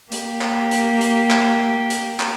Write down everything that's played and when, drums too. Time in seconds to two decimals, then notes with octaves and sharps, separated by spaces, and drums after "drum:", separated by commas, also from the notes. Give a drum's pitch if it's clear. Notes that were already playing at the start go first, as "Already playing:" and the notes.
0.12 A#3 G4, drum: hi-hat
0.41 drum: clap
0.71 drum: hi-hat
1.01 drum: hi-hat
1.31 drum: clap
1.90 drum: hi-hat
2.20 drum: clap